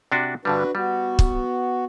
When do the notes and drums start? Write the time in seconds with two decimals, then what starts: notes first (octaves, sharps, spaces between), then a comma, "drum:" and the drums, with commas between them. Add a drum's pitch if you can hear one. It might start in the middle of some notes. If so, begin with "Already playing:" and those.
0.12 C3 D4 F#4
0.45 G2 D3 G3 D4 F#4 B4
0.75 G3 B3 F#4
1.19 drum: kick